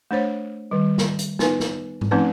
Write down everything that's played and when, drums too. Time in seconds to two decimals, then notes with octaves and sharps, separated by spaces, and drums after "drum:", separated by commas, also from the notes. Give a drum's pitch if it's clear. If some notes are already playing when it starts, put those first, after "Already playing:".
0.11 A3 D4 C5 C#5
0.71 D#3 G3
0.98 drum: snare
1.19 drum: hi-hat
1.39 B3 D#4 B4 G#5, drum: snare
1.60 drum: snare
2.01 drum: tom G#2
2.11 F3 A3 C4 C#4 D#4 B4